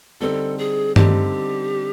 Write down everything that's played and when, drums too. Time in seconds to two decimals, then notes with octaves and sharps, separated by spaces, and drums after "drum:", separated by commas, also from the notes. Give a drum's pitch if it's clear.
0.20 D3 G3 C4 D#4 A4
0.58 G#4
0.96 D3 G3 C4 D#4 G4, drum: tom G2